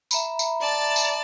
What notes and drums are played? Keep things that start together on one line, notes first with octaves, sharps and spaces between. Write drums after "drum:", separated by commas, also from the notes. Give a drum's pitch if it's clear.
E5 A#5 B5, drum: tambourine
drum: tambourine
D5 A5
drum: tambourine